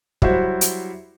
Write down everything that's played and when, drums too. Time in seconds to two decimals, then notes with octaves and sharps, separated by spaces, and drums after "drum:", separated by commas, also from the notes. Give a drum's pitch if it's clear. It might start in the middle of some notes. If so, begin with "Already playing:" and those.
0.22 F#3 G3 E4 F#4 C5 E5, drum: kick
0.61 drum: hi-hat